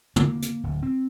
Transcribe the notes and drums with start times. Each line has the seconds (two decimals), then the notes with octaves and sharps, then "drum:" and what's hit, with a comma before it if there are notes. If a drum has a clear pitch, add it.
0.16 A#3, drum: tom
0.42 drum: hi-hat
0.63 D1
0.83 C4